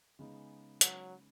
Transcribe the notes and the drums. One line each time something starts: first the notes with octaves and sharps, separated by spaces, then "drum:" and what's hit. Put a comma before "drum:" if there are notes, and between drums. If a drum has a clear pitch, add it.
C#3 G#3 B3 D#4
F#3, drum: hi-hat